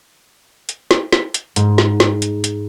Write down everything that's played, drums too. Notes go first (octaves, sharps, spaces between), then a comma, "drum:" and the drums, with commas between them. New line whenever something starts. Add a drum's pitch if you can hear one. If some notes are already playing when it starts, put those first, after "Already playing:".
drum: hi-hat
drum: snare
drum: snare
drum: hi-hat
G#2, drum: hi-hat
drum: snare
drum: snare
drum: hi-hat
drum: hi-hat